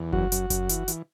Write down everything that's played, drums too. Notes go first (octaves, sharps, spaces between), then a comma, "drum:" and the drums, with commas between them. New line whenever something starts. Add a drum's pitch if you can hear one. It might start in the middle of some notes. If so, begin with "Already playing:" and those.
Already playing: E2
F#2 F#4, drum: kick F#1
F#2, drum: hi-hat
F#2, drum: kick F#1, hi-hat
E3, drum: hi-hat
E3, drum: hi-hat